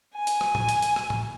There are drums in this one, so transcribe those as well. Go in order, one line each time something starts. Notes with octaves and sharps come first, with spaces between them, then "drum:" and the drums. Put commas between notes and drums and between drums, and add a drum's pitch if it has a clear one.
G#5
drum: hi-hat
drum: rim click
drum: tom A2
drum: hi-hat
drum: hi-hat
drum: rim click
drum: tom A2